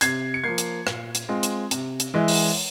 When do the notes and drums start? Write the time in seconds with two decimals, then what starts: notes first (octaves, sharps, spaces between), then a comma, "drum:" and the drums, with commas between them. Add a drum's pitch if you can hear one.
0.01 C3 G#6 C7, drum: hi-hat
0.34 C#7
0.44 F3 A#3 G#6 C7
0.58 drum: hi-hat
0.87 A#2, drum: rim click
1.15 drum: hi-hat
1.29 G#3 C4 F4
1.43 drum: hi-hat
1.71 C3, drum: hi-hat
2.00 drum: hi-hat
2.14 E3 G#3 E4
2.28 drum: open hi-hat